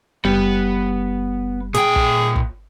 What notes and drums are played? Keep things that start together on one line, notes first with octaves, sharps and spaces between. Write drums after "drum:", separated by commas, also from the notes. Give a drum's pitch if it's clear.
F#1 G3 B3
A#2 G#4 G5, drum: hi-hat
drum: kick
drum: kick